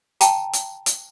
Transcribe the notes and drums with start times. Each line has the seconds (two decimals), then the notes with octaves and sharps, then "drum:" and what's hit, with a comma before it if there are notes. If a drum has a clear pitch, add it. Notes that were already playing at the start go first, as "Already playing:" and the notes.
0.21 G5 A5 A#5, drum: hi-hat
0.53 drum: hi-hat
0.86 drum: hi-hat